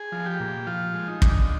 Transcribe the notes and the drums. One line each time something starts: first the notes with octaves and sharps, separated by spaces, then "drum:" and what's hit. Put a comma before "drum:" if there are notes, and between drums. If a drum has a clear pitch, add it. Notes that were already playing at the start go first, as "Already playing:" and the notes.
Already playing: G#4
F3
G4
A#2
F3 F4
G#3
D#4
D3, drum: kick